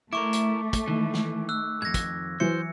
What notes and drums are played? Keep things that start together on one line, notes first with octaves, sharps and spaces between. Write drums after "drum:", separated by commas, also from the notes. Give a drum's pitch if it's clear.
A3 E4 A#4 C#6 D6
drum: hi-hat
drum: kick, hi-hat
D#3 E3
drum: snare
E6 F#6
F2 G#2 G#6 A#6
drum: kick, hi-hat
E3 F#3 E4 C5 C#7